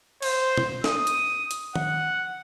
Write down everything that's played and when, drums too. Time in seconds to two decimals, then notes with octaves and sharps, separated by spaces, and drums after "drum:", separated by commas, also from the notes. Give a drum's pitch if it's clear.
0.22 C5, drum: cymbal
0.57 drum: tom
0.84 D#6, drum: snare
1.07 drum: hi-hat
1.51 drum: hi-hat
1.76 F#5, drum: tom D#3